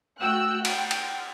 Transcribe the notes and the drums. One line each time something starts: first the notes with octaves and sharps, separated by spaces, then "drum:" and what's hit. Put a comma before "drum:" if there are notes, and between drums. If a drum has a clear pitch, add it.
A3 F#4 G5 E6 F#6
F#5 G5, drum: cymbal
drum: cymbal